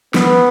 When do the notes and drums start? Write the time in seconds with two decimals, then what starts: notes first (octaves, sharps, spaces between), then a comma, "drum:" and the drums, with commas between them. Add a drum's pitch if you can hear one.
0.14 B3, drum: snare